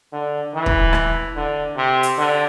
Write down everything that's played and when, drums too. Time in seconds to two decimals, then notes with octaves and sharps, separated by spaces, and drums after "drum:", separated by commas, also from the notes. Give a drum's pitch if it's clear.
0.13 D3
0.54 E3
0.66 drum: kick
0.93 drum: rim click
1.36 D3
1.76 C3
2.03 drum: hi-hat
2.18 D3